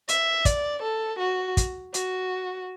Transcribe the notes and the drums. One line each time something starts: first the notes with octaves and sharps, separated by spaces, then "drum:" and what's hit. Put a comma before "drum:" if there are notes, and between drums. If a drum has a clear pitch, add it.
E5, drum: hi-hat
D5, drum: kick, hi-hat
A4
F#4
drum: kick, hi-hat
F#4, drum: hi-hat